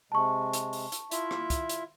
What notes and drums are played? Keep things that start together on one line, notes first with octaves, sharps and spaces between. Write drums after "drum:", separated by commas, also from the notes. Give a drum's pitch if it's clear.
C3 G#3 A5 C#6
drum: hi-hat
drum: open hi-hat
drum: hi-hat
E4 F4 E5, drum: hi-hat
drum: rim click
drum: kick, hi-hat
drum: hi-hat